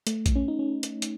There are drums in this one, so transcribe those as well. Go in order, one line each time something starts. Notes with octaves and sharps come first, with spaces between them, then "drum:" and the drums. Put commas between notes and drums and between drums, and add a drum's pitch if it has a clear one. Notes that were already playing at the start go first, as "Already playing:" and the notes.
A3, drum: hi-hat
drum: kick A#1, hi-hat
C#4
D#4
C#4
drum: hi-hat
drum: hi-hat